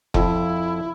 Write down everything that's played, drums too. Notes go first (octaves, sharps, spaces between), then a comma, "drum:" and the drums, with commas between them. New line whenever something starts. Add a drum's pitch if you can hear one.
F2 E4, drum: kick F1